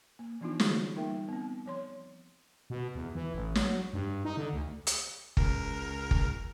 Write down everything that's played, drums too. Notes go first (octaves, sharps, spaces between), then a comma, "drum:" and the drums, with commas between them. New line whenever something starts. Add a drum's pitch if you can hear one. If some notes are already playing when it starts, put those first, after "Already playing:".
A#3
E3 F3 B3 D4 D#4 F4
D3 E3 G3 F#4 G#4 C#6, drum: snare
G3 A#3 D#4 A#4 E5 G5
B3 C4
F3 C#5 C6
B2
E2
E3
A1
F#3, drum: snare
G2
D#4
D3
D2
drum: hi-hat
C#2 A#4, drum: kick
drum: kick